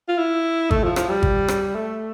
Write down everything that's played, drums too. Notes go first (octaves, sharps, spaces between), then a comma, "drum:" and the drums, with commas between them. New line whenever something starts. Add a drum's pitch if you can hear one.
F4
E4
A3, drum: kick G#1
F3
F3, drum: rim click
G3
drum: kick G#1
drum: rim click
A3